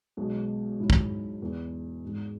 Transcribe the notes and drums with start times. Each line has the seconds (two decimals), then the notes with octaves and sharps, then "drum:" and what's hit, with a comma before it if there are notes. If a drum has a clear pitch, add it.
0.17 B1 B2 G#3
0.79 G#2 F#3 E4
0.90 drum: kick
1.41 E1 E2 E3
2.03 G#1 G#2 G#3